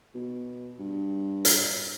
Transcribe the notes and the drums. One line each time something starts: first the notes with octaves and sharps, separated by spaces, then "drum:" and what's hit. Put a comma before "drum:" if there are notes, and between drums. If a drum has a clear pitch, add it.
B2
G2
drum: hi-hat